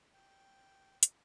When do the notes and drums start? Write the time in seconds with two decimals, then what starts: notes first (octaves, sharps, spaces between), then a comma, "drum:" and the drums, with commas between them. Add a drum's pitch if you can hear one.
0.14 G5
1.03 drum: hi-hat